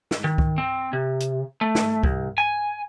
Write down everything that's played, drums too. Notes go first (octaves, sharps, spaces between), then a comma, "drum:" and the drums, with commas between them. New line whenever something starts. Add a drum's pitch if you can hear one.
drum: snare
D#3
drum: kick
C4
C3
drum: hi-hat
A3
drum: snare
C2, drum: kick
G#5